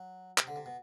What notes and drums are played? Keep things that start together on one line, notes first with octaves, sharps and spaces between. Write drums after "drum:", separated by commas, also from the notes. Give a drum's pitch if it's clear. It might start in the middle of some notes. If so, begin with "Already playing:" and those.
Already playing: F#3
C3, drum: clap
D3
C3
B2